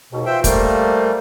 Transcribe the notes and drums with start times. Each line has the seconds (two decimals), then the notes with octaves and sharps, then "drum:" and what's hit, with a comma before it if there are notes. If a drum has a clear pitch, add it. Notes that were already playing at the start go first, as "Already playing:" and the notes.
0.12 D#2 G#2 B2
0.26 E3 F4 C5 E5 G5
0.44 G3 A3 A#3 C5, drum: kick, hi-hat